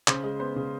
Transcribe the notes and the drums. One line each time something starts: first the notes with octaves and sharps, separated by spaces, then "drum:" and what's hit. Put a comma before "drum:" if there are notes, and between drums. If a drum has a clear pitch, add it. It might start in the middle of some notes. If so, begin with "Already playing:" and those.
C#3 C5, drum: clap
G#3
B3 C5
C#3